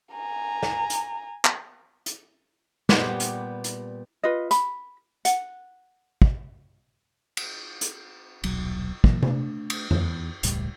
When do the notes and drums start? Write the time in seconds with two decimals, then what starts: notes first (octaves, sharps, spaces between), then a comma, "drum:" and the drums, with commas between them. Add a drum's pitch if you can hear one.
0.12 G#5 A#5
0.63 drum: snare
0.90 drum: hi-hat
1.45 drum: clap
2.06 drum: hi-hat
2.89 A#2 G3 B3 G4 B4 C6, drum: snare
3.20 drum: hi-hat
3.64 drum: hi-hat
4.23 F4 B4 D#5
4.51 B5, drum: hi-hat
5.25 F#5, drum: hi-hat
6.22 drum: kick
7.37 drum: cymbal
7.81 drum: hi-hat
8.44 D#1 B1 F#3, drum: cymbal
9.04 A#2 E3 F#3 A#3, drum: kick
9.23 A3 D4, drum: tom C3
9.70 drum: cymbal
9.91 E2, drum: tom F2
10.43 E1 C#2 A2 G3, drum: hi-hat